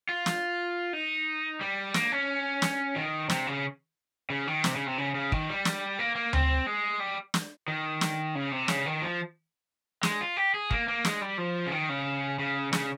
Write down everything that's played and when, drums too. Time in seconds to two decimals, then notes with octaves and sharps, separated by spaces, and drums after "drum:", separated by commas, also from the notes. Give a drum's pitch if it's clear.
0.09 F4
0.26 drum: snare
0.93 D#4
1.61 G3
1.94 A#3, drum: snare
2.12 C#4
2.62 drum: snare
2.96 D#3
3.30 C3, drum: snare
3.47 C#3
4.30 C#3
4.47 D#3
4.64 C3, drum: snare
4.76 C#3
4.87 C3
4.98 C#3
5.15 C#3
5.32 D#3, drum: kick
5.49 G3
5.65 drum: snare
5.99 A#3
6.15 A#3
6.33 C4, drum: tom D2
6.66 G#3
7.00 G3
7.34 drum: snare
7.68 D#3
8.01 drum: snare
8.35 C#3
8.52 C3
8.68 C#3, drum: snare
8.86 D#3
9.02 F3
10.03 G#3, drum: snare
10.21 F4
10.37 G4
10.54 G#4
10.71 A#3, drum: kick
10.88 A#3
11.05 G#3, drum: snare
11.21 G3
11.38 F3
11.66 C#3
11.72 D#3
11.89 C#3
12.39 C#3
12.73 C#3, drum: snare